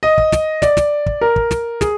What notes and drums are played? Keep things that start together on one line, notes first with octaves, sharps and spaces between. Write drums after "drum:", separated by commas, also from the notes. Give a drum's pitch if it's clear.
D#5
drum: kick
drum: snare
D5, drum: snare
drum: snare
drum: kick
A#4
drum: kick
drum: snare
G#4, drum: snare